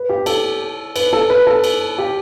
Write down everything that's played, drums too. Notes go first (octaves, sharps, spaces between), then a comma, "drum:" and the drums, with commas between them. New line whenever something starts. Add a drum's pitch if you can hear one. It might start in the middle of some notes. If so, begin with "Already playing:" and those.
Already playing: B4
G4
A4, drum: cymbal
B4, drum: cymbal
A4
B4
A4
drum: cymbal
G4